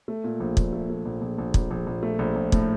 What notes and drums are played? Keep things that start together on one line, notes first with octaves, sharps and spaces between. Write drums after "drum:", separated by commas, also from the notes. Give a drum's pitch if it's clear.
A3
A#2
A#1
A#1, drum: kick
A3
A3
A#1
A#1
A#1
A#1, drum: kick
A#1
A#1
A3
A#1
A#1
A2, drum: kick